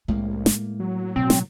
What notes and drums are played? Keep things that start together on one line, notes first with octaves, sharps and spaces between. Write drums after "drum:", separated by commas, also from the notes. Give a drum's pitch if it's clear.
C2 A2 G#3 A#3
drum: snare
F#3
B2 C4
drum: snare